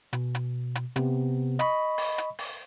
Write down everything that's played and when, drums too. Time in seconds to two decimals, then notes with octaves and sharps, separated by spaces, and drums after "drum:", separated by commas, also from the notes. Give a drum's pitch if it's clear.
0.13 B2, drum: hi-hat
0.35 drum: hi-hat
0.75 drum: hi-hat
0.96 C3 B3, drum: hi-hat
1.59 D#5 B5 C#6, drum: hi-hat
1.98 drum: open hi-hat
2.18 drum: hi-hat
2.39 drum: open hi-hat